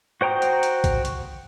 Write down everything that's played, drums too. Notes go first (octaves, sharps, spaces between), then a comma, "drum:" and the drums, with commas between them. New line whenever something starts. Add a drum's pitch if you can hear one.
F#4 C5 G5 A#5 D#6
drum: hi-hat
drum: hi-hat
drum: kick A#1, hi-hat
drum: hi-hat